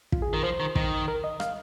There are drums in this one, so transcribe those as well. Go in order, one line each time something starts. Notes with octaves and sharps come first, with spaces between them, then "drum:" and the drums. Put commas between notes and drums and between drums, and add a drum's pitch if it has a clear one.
F4, drum: kick
G#4
D#3 A#4
F3 C5
D#3
D#3, drum: kick
A#4
D#5
F5, drum: rim click